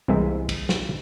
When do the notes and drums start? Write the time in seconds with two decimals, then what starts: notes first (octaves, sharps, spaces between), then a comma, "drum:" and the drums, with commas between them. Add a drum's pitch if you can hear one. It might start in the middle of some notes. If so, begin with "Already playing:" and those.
0.08 C2 C3 E3 G#3 A#3 E5
0.49 drum: kick, cymbal
0.69 drum: snare